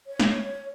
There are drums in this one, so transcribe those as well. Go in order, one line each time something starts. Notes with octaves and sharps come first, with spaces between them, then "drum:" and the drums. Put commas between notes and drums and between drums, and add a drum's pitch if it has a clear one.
C#5
drum: snare